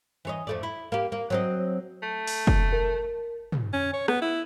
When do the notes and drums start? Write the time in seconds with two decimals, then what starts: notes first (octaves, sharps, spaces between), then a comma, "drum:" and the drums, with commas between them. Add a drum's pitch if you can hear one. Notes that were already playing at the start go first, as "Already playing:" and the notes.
0.25 E3 C#5 D#5
0.47 F2 A3 D5
0.63 E4
0.92 A#3 G4
1.12 A#3
1.30 F#3 C4 D#5
2.02 A3
2.27 drum: open hi-hat
2.47 drum: kick
2.73 A#4
3.52 drum: tom
3.73 C#4
3.93 C#5
4.08 B3, drum: rim click
4.22 E4